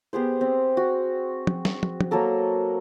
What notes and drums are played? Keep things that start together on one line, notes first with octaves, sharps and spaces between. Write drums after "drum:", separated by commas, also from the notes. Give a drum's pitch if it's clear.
B3 G4 G#4 C5
C4
F#4
drum: tom
drum: snare
drum: tom
drum: tom
F#3 A#3 A4 A#4